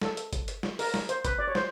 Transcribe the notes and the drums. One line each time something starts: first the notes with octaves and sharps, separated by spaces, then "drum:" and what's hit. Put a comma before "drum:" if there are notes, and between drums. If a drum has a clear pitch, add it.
A4, drum: snare
drum: hi-hat
drum: kick G1, hi-hat
drum: hi-hat
drum: snare
A#4, drum: open hi-hat
drum: snare
C5, drum: hi-hat
B4, drum: kick G1, hi-hat
D5
C#5
C5, drum: snare